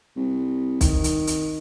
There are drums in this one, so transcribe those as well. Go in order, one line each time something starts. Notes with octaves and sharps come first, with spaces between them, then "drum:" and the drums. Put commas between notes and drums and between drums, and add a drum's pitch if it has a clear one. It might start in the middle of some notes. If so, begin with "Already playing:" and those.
C2
D#3, drum: kick B1, hi-hat
drum: hi-hat
drum: hi-hat